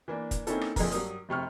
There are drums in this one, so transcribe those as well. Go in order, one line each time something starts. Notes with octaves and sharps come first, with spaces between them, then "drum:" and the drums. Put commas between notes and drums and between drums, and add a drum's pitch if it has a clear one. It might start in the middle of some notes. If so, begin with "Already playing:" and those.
E3 A#3 D4
drum: kick, hi-hat
A#3 C4 C#4 D#4 E4 A4, drum: hi-hat
drum: rim click
A#1 F2 D3 G#4 A#4 A#5, drum: kick, open hi-hat
G2 F#3 A#4 D#6, drum: hi-hat
F1 C3 C#6 F6